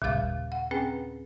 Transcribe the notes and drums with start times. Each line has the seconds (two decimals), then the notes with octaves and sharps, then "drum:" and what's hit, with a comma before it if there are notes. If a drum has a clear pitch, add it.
0.02 D#2 A#2 C#3 G3 F5 A6, drum: kick G1
0.52 F#5
0.71 C4 C#4 G#4 B4 G5 G#5